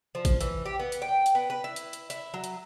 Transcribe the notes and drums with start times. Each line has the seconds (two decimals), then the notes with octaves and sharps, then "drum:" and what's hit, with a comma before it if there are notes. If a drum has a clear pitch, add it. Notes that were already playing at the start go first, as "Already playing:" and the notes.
0.15 F3
0.25 drum: kick A1, hi-hat
0.41 E3, drum: hi-hat
0.66 G4
0.80 B3
0.92 drum: hi-hat
1.02 G5
1.26 drum: hi-hat
1.35 B3
1.50 B4
1.64 E4
1.76 drum: hi-hat
1.93 drum: hi-hat
2.10 E4, drum: hi-hat
2.34 F#3
2.44 drum: hi-hat